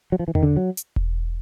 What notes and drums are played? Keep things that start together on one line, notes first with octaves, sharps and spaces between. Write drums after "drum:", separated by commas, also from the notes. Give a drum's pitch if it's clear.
F#3
F3
E3
D#3, drum: tom E2
D3
F#3
drum: hi-hat
drum: kick E1